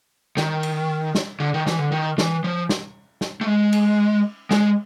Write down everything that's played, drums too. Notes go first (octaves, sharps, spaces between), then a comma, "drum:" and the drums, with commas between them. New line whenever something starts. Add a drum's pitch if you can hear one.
D#3, drum: snare
drum: cymbal
drum: snare
D3
D#3
E3, drum: snare
D3
D#3
E3, drum: snare
F3
drum: snare
drum: snare
A3
G#3
drum: cymbal
G#3, drum: snare